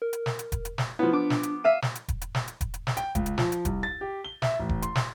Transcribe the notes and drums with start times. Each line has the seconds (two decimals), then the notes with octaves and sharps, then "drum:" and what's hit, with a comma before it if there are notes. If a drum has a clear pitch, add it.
0.02 A#4
0.13 drum: hi-hat
0.26 drum: snare
0.39 drum: hi-hat
0.52 drum: kick E1, hi-hat
0.65 drum: hi-hat
0.78 drum: snare
0.99 F3 B3 E4
1.13 D4 D6
1.30 drum: snare
1.43 drum: hi-hat
1.64 E5 F5 D#7
1.82 drum: snare
1.95 drum: hi-hat
2.08 drum: kick E1, hi-hat
2.22 drum: hi-hat
2.35 drum: snare
2.48 drum: hi-hat
2.61 drum: kick E1, hi-hat
2.74 drum: hi-hat
2.87 drum: snare
2.97 G5, drum: hi-hat
3.15 C#2, drum: kick E1, hi-hat
3.26 drum: hi-hat
3.38 F3, drum: snare
3.52 drum: hi-hat
3.65 C2, drum: kick E1, hi-hat
3.83 A6
4.01 G4
4.24 G7
4.42 E5, drum: snare
4.59 A1
4.69 drum: kick E1
4.82 C6, drum: hi-hat
4.95 drum: snare